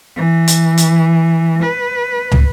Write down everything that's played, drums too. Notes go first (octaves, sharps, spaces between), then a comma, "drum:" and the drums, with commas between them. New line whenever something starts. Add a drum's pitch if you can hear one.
E3
drum: hi-hat
drum: hi-hat
B4
drum: tom